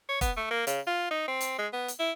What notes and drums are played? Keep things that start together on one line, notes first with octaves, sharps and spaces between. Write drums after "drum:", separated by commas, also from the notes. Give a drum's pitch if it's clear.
C#5
B3, drum: kick F1, hi-hat
A3
A#3
C#3, drum: hi-hat
F4
D#4
C4
drum: hi-hat
G#3
B3
drum: hi-hat
E4